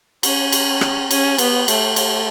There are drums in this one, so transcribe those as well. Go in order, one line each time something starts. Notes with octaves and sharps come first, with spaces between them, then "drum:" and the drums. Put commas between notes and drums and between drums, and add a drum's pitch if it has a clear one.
C#4, drum: cymbal
drum: cymbal
drum: rim click
C#4, drum: cymbal
B3, drum: cymbal
A3, drum: cymbal
drum: cymbal